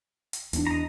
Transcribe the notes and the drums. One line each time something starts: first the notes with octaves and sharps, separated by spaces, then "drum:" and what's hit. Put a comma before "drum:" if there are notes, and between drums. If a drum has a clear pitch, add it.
drum: hi-hat
E2 C4 D4, drum: hi-hat
D#5 A#5